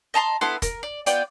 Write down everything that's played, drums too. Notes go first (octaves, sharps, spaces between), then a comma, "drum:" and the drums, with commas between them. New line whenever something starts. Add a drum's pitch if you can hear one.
D#5 A5 A#5 C6
B3 E4 A4 C6, drum: snare
A#4, drum: kick, hi-hat
D5
B3 F4 D5 G5, drum: hi-hat